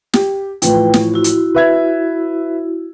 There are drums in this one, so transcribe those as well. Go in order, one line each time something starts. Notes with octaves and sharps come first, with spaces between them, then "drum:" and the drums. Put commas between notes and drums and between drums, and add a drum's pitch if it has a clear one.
G4, drum: snare
A2 E3 F3 B4 G5, drum: hi-hat
drum: snare
E4 F#4
drum: hi-hat
B4 E5 G#6